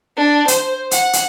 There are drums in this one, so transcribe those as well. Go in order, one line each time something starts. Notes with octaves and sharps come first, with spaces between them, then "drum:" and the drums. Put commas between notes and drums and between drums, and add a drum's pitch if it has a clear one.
D4
C5, drum: hi-hat
F#5, drum: hi-hat
drum: hi-hat